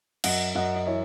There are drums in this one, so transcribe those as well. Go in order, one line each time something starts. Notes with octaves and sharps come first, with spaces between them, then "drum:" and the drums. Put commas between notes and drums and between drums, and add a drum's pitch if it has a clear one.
F#2 D#5 F#5, drum: cymbal
F#2 D#5 F#5
D#5
E3 C#5 E5